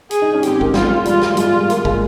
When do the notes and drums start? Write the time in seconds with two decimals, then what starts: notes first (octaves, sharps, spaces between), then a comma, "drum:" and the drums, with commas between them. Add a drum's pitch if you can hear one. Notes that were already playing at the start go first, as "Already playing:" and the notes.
0.11 G#4, drum: hi-hat
0.22 D#4
0.34 C#4
0.43 C4 G4, drum: hi-hat
0.61 A#3, drum: kick
0.74 G#3 F4, drum: snare
1.05 G3 F4, drum: hi-hat
1.22 drum: snare
1.37 G#3 F4, drum: hi-hat
1.54 G3
1.70 A#3, drum: hi-hat
1.85 G#3, drum: kick